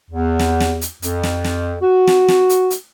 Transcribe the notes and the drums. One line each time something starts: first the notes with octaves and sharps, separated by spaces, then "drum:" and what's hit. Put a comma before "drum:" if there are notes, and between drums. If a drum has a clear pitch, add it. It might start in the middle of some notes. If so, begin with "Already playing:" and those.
E2
drum: snare
drum: snare
drum: hi-hat
F2, drum: hi-hat
drum: snare
drum: snare
F#4
drum: snare
drum: snare
drum: hi-hat
drum: hi-hat